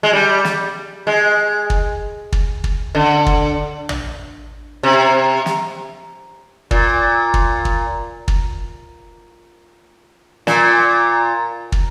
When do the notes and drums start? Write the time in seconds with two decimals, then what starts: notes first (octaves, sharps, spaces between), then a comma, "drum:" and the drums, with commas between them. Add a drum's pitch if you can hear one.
0.03 G#3
0.13 G3
0.45 drum: snare
1.07 G#3
1.70 drum: kick
2.32 drum: kick
2.64 drum: kick
2.95 D3
3.26 drum: kick
3.89 drum: tom
4.83 C3
5.46 drum: snare
6.71 A#2, drum: kick
7.34 drum: kick
7.65 drum: kick
8.28 drum: kick
10.47 A#2, drum: snare
11.72 drum: kick